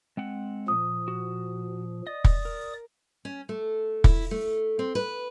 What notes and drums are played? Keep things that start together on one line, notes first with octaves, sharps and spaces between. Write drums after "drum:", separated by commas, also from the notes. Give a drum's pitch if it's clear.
G#3 C4 F#5
A#2 F3 D#6
F#4
D5 D#5 D#6
drum: kick
A#4
C#4
A3
E4, drum: kick
A3
C4
B4